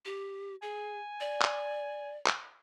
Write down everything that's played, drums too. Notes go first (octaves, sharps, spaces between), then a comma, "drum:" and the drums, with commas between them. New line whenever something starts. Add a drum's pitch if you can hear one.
G4
G#4 G#5
D5
drum: clap
drum: clap